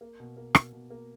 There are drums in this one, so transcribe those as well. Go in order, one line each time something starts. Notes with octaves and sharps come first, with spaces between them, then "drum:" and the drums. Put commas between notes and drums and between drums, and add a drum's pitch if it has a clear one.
A#3
B2
A#3
B2, drum: rim click
B2
A#3